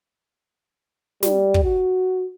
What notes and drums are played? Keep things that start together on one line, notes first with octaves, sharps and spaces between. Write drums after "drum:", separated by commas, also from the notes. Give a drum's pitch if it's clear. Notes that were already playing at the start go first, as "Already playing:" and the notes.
G3, drum: snare
drum: kick
F#4